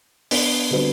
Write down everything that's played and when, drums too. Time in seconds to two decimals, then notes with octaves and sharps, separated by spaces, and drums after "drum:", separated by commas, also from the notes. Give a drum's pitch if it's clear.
0.31 B3 D4, drum: open hi-hat
0.71 D3 G3 C4 F#4 B4